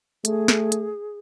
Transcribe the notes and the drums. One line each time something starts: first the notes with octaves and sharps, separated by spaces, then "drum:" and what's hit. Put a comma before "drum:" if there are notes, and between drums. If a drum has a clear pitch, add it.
A3 G#4, drum: hi-hat
drum: snare
drum: hi-hat